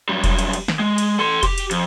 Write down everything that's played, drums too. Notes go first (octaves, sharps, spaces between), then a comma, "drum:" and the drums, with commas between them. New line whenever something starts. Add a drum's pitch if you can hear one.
F#2 G3
drum: kick F1, cymbal
drum: cymbal
drum: cymbal
drum: snare
G#3
drum: cymbal
A4 C6
G4, drum: kick F1, cymbal
drum: cymbal
F2, drum: cymbal